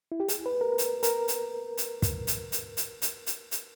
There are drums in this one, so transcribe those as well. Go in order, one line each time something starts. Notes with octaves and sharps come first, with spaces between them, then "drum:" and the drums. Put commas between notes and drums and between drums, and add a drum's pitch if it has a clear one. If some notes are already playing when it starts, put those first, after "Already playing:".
E4
G4
G#4, drum: hi-hat
B4
A#4
drum: hi-hat
A#4, drum: hi-hat
drum: hi-hat
drum: hi-hat
drum: kick, hi-hat
drum: hi-hat
drum: hi-hat
drum: hi-hat
drum: hi-hat
drum: hi-hat
drum: hi-hat